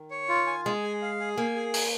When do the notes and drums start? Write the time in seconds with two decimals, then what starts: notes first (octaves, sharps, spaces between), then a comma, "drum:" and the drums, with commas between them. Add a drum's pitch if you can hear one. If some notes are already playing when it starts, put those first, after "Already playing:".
Already playing: D#3
0.11 C#5
0.29 F4
0.47 G#5
0.65 G#3 G#5
0.84 G#4
1.02 F5
1.20 G#4
1.37 A#3 G#5
1.56 G#4
1.74 G#5, drum: open hi-hat